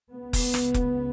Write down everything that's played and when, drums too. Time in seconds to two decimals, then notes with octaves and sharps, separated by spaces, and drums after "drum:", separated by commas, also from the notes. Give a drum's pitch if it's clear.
0.13 C#2 C#3 B3
0.33 drum: kick F1, open hi-hat
0.54 drum: rim click
0.74 drum: kick F1, hi-hat